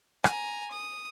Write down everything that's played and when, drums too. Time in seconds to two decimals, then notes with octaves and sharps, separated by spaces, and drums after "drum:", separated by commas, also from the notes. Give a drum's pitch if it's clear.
0.24 G#5 A#5, drum: rim click
0.71 D#6